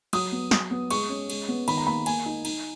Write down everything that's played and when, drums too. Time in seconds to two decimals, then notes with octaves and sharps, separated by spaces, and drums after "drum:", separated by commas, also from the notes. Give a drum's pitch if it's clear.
0.13 F#3 D#6, drum: cymbal
0.32 B3
0.51 F#3 D#6, drum: snare
0.71 B3
0.90 G#3 C#6, drum: cymbal
1.09 C#4
1.30 G#3, drum: cymbal
1.49 B3
1.68 D#3 B5, drum: cymbal
1.77 A#5
1.87 A#3 B5
2.06 A#3 G#5, drum: cymbal
2.26 D#4
2.45 D#4, drum: cymbal